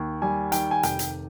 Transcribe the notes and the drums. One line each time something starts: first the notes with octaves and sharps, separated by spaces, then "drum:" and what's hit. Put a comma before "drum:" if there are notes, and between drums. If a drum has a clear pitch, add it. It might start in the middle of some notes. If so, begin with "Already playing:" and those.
Already playing: D#2
G3 G#5
D#3 G5, drum: hi-hat
G#5
F1 G5, drum: hi-hat
drum: hi-hat